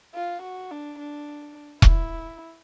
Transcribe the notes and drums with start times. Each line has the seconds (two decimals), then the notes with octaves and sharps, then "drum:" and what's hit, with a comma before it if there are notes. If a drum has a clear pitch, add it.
0.15 F4
0.42 F#4
0.71 D4
0.99 D4
1.82 E4, drum: kick E1